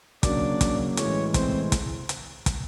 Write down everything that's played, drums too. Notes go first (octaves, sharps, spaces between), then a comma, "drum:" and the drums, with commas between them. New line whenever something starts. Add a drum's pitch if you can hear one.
C#3 F#3 A#3 D4 D5, drum: kick, hi-hat
drum: kick, hi-hat
A2 E3 G#3 C#4 C#5, drum: hi-hat
C4 C5, drum: kick, hi-hat
drum: kick, hi-hat
drum: hi-hat
drum: kick, hi-hat